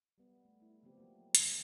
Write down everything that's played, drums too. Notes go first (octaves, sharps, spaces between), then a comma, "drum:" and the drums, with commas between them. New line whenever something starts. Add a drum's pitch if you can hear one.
G3 B3
A3
A3 E4
C#3 F3 B3 C4 G4
F#3 A#3
D3 D#3 G#3 A#3 C#4, drum: hi-hat